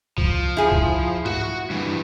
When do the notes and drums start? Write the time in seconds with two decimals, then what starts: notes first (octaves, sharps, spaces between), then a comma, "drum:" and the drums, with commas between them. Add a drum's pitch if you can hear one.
0.18 F3, drum: kick
0.57 E4 G#4
0.72 drum: kick
1.26 F#4 F#5, drum: tom G#2
1.70 G2 E3